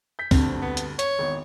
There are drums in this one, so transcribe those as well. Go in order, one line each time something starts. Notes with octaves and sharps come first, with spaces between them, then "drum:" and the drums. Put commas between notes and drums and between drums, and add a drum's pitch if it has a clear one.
G6 B6
D2 G2 C4, drum: kick, open hi-hat
B3
drum: hi-hat
C#5, drum: hi-hat
G#1 E2